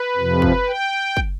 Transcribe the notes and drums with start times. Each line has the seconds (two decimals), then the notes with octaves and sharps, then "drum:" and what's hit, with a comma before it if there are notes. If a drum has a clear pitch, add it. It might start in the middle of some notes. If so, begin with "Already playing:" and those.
Already playing: B4
0.17 F2 C3 F3
0.42 drum: kick
0.68 G5
1.17 drum: kick